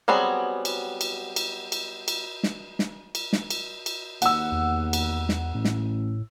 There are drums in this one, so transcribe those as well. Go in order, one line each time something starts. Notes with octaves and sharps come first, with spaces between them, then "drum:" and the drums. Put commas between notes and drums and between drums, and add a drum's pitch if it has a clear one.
F#3 G3 B3 C4 G#4
drum: cymbal
drum: cymbal
drum: cymbal
drum: cymbal
drum: cymbal
drum: snare
drum: snare
drum: cymbal
drum: snare
drum: cymbal
drum: cymbal
D#2 F#5 E6, drum: cymbal
E2
drum: cymbal
drum: snare
A1 A2
drum: snare